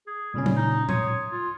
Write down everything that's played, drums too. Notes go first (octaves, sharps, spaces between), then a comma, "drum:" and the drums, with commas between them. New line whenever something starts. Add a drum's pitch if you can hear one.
G#4
A#2 C#3 G3 C#4
drum: tom F#3
D#4
C#5 C6 D#6 G#6, drum: tom A#2
F4